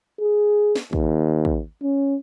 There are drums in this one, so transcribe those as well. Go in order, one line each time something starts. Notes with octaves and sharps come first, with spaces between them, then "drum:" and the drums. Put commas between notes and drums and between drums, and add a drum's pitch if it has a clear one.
G#4
drum: snare
D#2, drum: kick
drum: kick
C#4